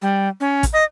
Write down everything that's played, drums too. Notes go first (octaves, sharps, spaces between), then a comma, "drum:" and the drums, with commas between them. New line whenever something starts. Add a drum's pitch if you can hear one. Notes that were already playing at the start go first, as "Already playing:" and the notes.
G3
C#4
drum: kick, hi-hat
D#5